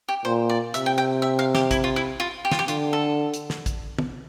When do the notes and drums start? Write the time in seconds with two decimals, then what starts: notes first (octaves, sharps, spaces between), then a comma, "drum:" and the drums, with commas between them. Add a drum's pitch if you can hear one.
0.09 G4
0.25 A#2 C5
0.50 D5
0.74 C3 E5, drum: hi-hat
0.86 G5
0.98 G5
1.22 E5
1.39 F5
1.55 G4, drum: snare
1.71 E4, drum: kick, hi-hat
1.84 F4
1.96 E4
2.20 F4
2.45 G4
2.51 F4, drum: snare
2.59 G4
2.68 D3 F4, drum: hi-hat
2.93 A4
3.34 drum: hi-hat
3.50 drum: snare
3.66 drum: kick, hi-hat
3.99 drum: tom